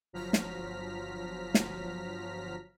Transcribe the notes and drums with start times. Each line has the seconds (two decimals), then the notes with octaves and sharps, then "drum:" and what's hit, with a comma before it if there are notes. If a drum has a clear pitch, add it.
0.13 G1 F3 F#3 A#5 F6 B6
0.33 drum: snare
1.54 drum: snare